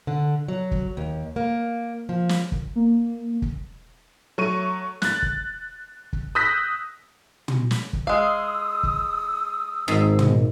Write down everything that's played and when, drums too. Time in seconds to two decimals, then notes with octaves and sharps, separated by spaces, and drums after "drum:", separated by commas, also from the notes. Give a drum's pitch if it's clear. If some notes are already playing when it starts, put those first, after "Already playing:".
0.07 D3
0.48 F#3
0.71 drum: kick
0.97 D#2
1.36 A#3
2.09 F3
2.29 drum: snare
2.52 drum: kick
2.76 A#3
3.42 drum: kick
4.38 F#3 A3 C#6 D#7
5.02 F#6 A6, drum: snare
5.23 drum: kick
6.13 drum: kick
6.35 D#6 E6 F#6 G6 A#6 B6
7.48 drum: tom
7.71 drum: snare
7.93 drum: kick
8.07 G#3 F5 D#6 E6
8.83 drum: kick
9.88 G#1 G#2
10.19 drum: tom